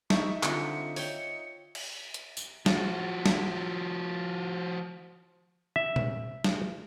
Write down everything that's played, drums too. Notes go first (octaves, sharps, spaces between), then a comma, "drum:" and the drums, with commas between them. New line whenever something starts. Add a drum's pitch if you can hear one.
D#4 E5 C#6, drum: snare G3
D3 C4 F4 C#7, drum: clap
C#5 G5 C#7, drum: open hi-hat
drum: cymbal
drum: hi-hat
drum: tambourine
F3 F#4, drum: snare G3
drum: snare G3
E5
drum: tom A#2
drum: snare G3